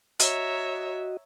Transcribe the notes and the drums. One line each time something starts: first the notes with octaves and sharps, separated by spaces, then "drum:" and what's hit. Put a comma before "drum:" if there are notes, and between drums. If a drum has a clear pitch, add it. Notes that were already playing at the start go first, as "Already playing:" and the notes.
F#4 C#5 D#5 E5 A#5, drum: hi-hat